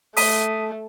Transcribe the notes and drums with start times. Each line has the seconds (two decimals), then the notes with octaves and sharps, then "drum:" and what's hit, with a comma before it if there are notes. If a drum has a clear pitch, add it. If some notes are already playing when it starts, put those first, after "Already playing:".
0.17 A3 D#6 B6 D#7, drum: open hi-hat